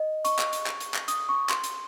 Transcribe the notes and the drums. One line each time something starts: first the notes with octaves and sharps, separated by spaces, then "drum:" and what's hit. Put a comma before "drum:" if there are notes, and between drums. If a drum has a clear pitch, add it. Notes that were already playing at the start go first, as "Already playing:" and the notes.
Already playing: D#5
C#6, drum: hi-hat
drum: clap
drum: hi-hat
drum: clap
drum: hi-hat
drum: clap
D#6, drum: hi-hat
C#6
C6, drum: clap
drum: hi-hat